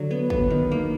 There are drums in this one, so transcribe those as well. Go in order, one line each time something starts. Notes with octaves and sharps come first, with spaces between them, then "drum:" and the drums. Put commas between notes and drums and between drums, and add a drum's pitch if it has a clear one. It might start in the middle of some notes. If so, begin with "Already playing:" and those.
Already playing: D3 F#3 F#4
B3
B3, drum: kick
D#3
A#3